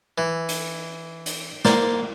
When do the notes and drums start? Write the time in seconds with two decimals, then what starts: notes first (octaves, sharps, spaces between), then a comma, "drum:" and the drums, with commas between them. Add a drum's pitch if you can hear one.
0.18 E3
0.49 drum: hi-hat
1.26 drum: hi-hat
1.65 A#3 C5 D5, drum: snare